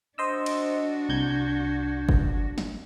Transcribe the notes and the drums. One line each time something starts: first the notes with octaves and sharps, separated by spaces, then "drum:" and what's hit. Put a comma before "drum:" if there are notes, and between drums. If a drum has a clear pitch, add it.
D4 F#4 C5 D#5 E6
drum: cymbal
C2 G6 G#6
drum: kick F#1
drum: snare